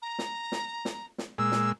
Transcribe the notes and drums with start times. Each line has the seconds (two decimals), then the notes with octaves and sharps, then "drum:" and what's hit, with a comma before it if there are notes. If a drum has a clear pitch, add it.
0.02 A#5
0.19 drum: snare
0.52 drum: snare
0.85 drum: snare
1.18 drum: snare
1.38 A#2 G#3 E6
1.52 drum: snare